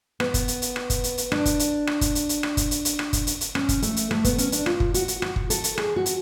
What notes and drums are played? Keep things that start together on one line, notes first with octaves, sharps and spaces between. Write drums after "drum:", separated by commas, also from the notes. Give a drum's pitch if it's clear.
B3, drum: rim click
drum: kick, hi-hat
drum: hi-hat
drum: hi-hat
drum: rim click
drum: kick, hi-hat
drum: hi-hat
drum: hi-hat
D4, drum: rim click
drum: kick, hi-hat
drum: hi-hat
drum: rim click
drum: kick, hi-hat
drum: hi-hat
drum: hi-hat
drum: rim click
drum: kick, hi-hat
drum: hi-hat
drum: hi-hat
drum: rim click
drum: kick, hi-hat
drum: hi-hat
drum: hi-hat
C#4, drum: rim click
drum: kick, hi-hat
A3, drum: hi-hat
drum: hi-hat
A3, drum: rim click
B3, drum: kick, hi-hat
C#4, drum: hi-hat
D4, drum: hi-hat
F4, drum: rim click
drum: kick
F#4, drum: hi-hat
drum: hi-hat
F#4, drum: rim click
drum: kick
A4, drum: hi-hat
drum: hi-hat
G#4, drum: rim click
F#4
drum: hi-hat